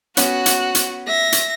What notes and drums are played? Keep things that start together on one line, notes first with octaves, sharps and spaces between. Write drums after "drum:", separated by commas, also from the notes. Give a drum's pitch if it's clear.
B3 C#4 F#4 F#5 F#6, drum: hi-hat
drum: hi-hat
drum: hi-hat
E5 A#6
drum: hi-hat